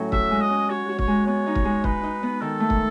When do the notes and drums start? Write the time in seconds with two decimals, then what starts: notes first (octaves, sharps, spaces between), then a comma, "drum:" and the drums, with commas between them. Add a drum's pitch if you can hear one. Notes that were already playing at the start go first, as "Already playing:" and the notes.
Already playing: A2 F#3 C#4
0.12 F#4 E5, drum: kick
0.31 G#3
0.41 D#5
0.50 C#4
0.70 F#4 C#5
0.89 F#4
0.99 C#5, drum: kick
1.08 G#3
1.27 B3 C#5
1.46 D#4
1.55 drum: kick
1.65 G#3
1.84 D#4 B4, drum: kick
2.04 D#4
2.23 B3
2.41 D#3 A4
2.60 A3
2.70 drum: kick